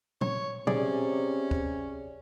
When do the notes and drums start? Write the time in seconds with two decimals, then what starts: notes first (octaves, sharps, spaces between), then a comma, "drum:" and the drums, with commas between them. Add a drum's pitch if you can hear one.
0.21 C#5, drum: tom A#2
0.67 C3 C#4 G#4 D5, drum: tom A#2
1.51 drum: kick